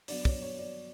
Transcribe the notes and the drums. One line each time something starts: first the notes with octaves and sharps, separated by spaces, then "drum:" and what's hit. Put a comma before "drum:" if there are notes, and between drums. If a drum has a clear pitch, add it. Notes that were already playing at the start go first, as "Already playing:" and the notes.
G2 F#3 B3 D5, drum: open hi-hat
C#5, drum: kick
C#5
D5